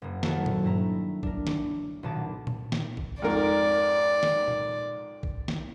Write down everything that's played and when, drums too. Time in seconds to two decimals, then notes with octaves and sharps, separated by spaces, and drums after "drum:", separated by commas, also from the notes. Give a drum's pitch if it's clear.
0.02 F#1 A#3
0.23 D#3 F#3 A#3 E4 F#4 A4, drum: snare
0.46 drum: tom A#2
0.64 G2 E4 A#5
1.23 D4 A#4, drum: kick
1.47 drum: snare
2.03 B1 A#2 D#3 A5 D6
2.47 drum: tom A#2
2.72 drum: snare
2.97 drum: kick
3.22 F2 G#2 A#4 D5
4.23 drum: snare
4.48 drum: tom A#2
5.23 drum: kick
5.48 drum: snare